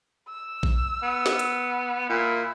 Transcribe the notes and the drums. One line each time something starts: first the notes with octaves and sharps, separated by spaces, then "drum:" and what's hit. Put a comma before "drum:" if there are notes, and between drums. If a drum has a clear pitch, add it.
E6
drum: kick A#1
B3
drum: snare
drum: hi-hat
A#2 E4